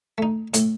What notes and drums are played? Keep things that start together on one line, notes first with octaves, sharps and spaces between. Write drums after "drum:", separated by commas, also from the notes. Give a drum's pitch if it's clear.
A3 D#4
A2, drum: hi-hat